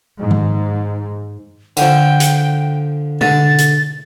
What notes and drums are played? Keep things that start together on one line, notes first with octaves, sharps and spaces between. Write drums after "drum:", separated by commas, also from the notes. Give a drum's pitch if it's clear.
G#2
drum: tom D#3
D3 F3 G5, drum: tambourine
drum: hi-hat
D3 A6, drum: tom
drum: hi-hat